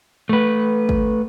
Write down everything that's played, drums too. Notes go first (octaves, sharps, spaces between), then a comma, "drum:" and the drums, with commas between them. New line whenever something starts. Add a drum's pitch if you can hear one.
A3 B4
drum: kick